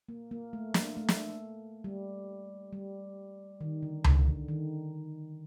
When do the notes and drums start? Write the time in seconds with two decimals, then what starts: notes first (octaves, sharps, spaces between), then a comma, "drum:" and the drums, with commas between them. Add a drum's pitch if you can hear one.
0.09 A#3
0.31 A#3
0.53 A3
0.74 A#3, drum: snare
0.97 A3
1.09 drum: snare
1.84 G3
2.73 G3
3.61 D#3
3.83 D3
4.04 D3, drum: tom C#2
4.26 D3
4.48 D#3